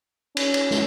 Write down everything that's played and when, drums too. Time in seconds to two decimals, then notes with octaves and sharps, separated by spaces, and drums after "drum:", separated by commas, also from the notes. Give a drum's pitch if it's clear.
0.37 C#4, drum: cymbal
0.54 drum: cymbal
0.71 drum: snare